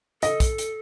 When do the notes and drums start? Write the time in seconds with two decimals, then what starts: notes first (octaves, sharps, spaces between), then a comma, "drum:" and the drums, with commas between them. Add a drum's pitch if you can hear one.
0.22 A4 D#5, drum: hi-hat
0.40 drum: kick, hi-hat
0.58 drum: hi-hat